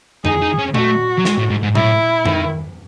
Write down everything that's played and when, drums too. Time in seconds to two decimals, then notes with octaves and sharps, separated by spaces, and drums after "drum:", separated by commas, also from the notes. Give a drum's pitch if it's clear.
0.25 D#4 G#4, drum: tom F2
0.42 D#4
0.59 C#4
0.74 A3 F#4, drum: tom A#2
1.18 F#3
1.25 G#3, drum: snare
1.38 A2
1.50 G#2
1.63 G#2
1.75 A2 E4, drum: tom A#2
2.26 D#3, drum: tom F2